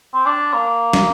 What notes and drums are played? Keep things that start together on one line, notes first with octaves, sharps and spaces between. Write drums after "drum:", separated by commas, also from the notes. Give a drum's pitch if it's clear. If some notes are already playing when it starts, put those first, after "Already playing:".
C4
D4
A#3
drum: snare